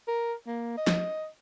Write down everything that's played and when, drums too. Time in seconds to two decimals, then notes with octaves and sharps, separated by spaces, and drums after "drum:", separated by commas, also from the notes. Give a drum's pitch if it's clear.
0.08 A#4
0.47 A#3
0.78 D#5
0.87 drum: snare